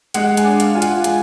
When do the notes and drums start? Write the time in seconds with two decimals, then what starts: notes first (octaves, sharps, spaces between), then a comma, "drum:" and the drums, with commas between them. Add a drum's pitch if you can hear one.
0.14 G#3 F#5, drum: hi-hat
0.37 G#5, drum: hi-hat
0.44 D4
0.60 F5, drum: hi-hat
0.75 F4 G#5
0.82 F#5, drum: hi-hat
1.04 G#3 G#5, drum: hi-hat